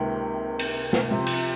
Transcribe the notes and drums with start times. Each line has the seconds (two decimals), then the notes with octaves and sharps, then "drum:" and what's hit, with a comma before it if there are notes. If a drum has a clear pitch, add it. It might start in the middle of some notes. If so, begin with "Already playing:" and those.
Already playing: C#2 C3 D#3 A#3
0.59 drum: cymbal
0.93 drum: snare
1.10 C3 F3 C4 F4
1.27 drum: cymbal